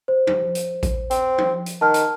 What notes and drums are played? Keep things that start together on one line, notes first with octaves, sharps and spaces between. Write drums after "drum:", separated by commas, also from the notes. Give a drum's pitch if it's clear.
C5
drum: tom
drum: hi-hat
drum: kick A1, hi-hat
C4, drum: hi-hat
drum: tom
drum: hi-hat
D#3 A5 F6
drum: hi-hat